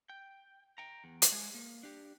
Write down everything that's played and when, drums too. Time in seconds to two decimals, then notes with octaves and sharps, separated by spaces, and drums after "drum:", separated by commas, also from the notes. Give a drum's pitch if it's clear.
0.09 G5
0.78 G5 A#5
1.04 E2
1.22 drum: hi-hat
1.32 G#3 G#5
1.54 A#3
1.83 D4 G4